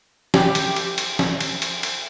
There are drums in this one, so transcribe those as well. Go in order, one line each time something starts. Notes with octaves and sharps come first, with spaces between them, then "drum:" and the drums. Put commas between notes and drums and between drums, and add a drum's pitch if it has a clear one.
G4, drum: snare
drum: cymbal
drum: cymbal
drum: cymbal
drum: snare
drum: cymbal
drum: cymbal
drum: cymbal